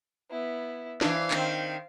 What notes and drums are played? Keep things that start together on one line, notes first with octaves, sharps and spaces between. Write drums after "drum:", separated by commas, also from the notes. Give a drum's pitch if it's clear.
B3 E4
E3 D4 C5 F5, drum: snare
D#3 C4, drum: clap